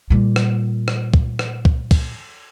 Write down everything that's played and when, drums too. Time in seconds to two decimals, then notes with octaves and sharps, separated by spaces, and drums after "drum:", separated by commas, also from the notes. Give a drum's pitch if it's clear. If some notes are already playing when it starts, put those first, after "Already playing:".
0.10 A#2 G3
0.36 drum: rim click
0.88 drum: rim click
1.14 drum: kick
1.39 drum: rim click
1.65 drum: kick
1.91 drum: kick, cymbal